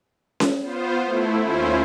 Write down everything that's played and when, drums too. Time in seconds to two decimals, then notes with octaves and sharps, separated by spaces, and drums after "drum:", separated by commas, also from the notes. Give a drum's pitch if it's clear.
0.40 drum: snare C#4
0.62 B3 F4 C5
1.04 A3 E4
1.42 D#2 C#4 E4 F4 C5